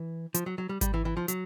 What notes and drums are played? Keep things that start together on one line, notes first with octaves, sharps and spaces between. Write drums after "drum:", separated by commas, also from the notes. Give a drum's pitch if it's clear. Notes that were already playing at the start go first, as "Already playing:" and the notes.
Already playing: E3
F3, drum: hi-hat
F#3
F#3
G3
G3, drum: kick G#1, hi-hat
E3
E3
F3
F#3, drum: hi-hat